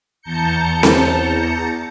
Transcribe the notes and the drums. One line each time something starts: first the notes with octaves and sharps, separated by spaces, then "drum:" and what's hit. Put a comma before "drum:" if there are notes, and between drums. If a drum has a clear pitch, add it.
E2 A5 A#5 G6 C#7
drum: snare C4